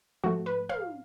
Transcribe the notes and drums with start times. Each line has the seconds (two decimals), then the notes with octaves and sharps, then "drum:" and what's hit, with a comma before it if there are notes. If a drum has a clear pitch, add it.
0.24 G#2 F3 A3 F#4
0.46 B4
0.69 F5, drum: tom